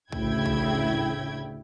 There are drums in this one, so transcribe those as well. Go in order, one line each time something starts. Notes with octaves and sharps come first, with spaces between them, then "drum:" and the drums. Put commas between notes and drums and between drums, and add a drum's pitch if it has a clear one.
A1 D2 C#3 E4 G5 G#6, drum: kick
drum: kick